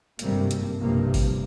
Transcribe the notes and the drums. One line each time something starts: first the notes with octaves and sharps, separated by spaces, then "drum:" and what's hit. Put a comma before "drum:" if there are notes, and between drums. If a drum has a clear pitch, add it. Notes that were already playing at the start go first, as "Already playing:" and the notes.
G#1 G2 C3 G3 A3 A#3, drum: hi-hat
drum: hi-hat
B1 G2 C3 F3 A#3
drum: kick G#1, open hi-hat